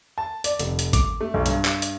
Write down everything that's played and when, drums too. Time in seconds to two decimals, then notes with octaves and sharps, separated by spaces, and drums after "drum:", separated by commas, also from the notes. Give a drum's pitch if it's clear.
0.18 A5
0.44 D5, drum: hi-hat
0.59 F1, drum: hi-hat
0.79 drum: hi-hat
0.93 D6, drum: kick, hi-hat
1.21 A3
1.34 B1
1.46 G2, drum: hi-hat
1.65 drum: clap
1.82 drum: hi-hat